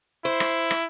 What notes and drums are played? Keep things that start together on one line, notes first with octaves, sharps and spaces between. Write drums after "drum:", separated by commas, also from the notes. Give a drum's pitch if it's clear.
E4 C5
drum: rim click
drum: rim click